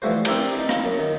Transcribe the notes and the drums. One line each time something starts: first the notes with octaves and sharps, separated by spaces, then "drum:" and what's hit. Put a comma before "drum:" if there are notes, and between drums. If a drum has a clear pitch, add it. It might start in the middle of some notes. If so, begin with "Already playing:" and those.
E3 F3 G3 A3 F#4 C5
C4 D4 E4 G4 A#4 C5, drum: cymbal
D#4 A5
F4, drum: rim click
F#2
D#3